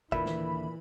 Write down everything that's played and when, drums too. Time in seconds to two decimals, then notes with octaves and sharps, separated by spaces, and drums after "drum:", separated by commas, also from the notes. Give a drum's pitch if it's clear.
0.12 D#2 A#2 D3 E3 E5 B5, drum: kick
0.26 drum: snare